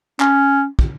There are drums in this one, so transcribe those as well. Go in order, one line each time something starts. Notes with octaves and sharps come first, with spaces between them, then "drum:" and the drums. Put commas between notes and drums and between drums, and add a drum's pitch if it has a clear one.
C#4, drum: clap
drum: kick